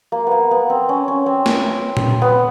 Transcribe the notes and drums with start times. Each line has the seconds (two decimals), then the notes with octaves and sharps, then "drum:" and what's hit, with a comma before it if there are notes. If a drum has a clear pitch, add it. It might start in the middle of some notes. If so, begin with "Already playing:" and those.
0.12 A#3
0.27 A#3 B3
0.51 B3
0.70 C4
0.89 C#4
1.08 C#4
1.26 C4
1.46 drum: snare
1.97 drum: tom A#2
2.22 B3